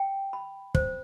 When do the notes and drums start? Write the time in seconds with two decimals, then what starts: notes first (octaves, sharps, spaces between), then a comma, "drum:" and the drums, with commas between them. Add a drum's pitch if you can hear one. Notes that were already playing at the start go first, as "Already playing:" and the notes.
Already playing: G5
0.33 B5
0.75 C5, drum: kick